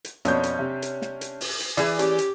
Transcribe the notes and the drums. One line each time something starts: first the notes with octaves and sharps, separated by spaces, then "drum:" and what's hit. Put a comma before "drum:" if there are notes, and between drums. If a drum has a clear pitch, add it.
drum: hi-hat
F2 B2 C#4 D4 C#5 G6, drum: hi-hat
drum: hi-hat
C3
drum: hi-hat
drum: snare
drum: hi-hat
drum: open hi-hat
drum: hi-hat
E3 G#4 D5, drum: hi-hat
C#4 G4, drum: hi-hat
drum: hi-hat